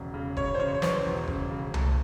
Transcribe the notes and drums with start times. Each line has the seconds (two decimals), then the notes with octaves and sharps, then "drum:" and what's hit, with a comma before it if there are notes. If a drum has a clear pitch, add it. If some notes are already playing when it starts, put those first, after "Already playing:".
Already playing: E1 C#3
0.14 C#3
0.37 C#3 C#5, drum: kick F1
0.54 C5
0.59 C#3 C#5
0.74 C#5
0.82 E3 C5, drum: snare
1.06 E1
1.27 C#3, drum: kick F1
1.51 C#3
1.74 A3, drum: tom C2